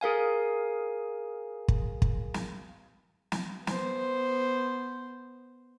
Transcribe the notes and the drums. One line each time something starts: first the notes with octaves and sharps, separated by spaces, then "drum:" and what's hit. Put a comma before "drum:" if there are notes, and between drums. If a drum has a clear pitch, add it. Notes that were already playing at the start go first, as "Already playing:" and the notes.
G#4 A#4 F5 G#5
drum: kick
drum: kick
drum: snare
drum: snare
B3 C5, drum: snare